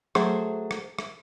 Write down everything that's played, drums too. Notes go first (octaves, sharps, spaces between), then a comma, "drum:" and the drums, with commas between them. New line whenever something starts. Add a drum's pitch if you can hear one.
F#3 A3 G#4 C5, drum: rim click
drum: rim click
drum: rim click